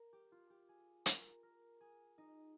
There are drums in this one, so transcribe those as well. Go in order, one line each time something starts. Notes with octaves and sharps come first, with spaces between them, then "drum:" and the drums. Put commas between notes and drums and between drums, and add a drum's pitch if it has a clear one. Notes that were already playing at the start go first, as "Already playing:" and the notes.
Already playing: A#4
G4
F4
G4
G#4
A#4, drum: hi-hat
A#4
G#4
D#4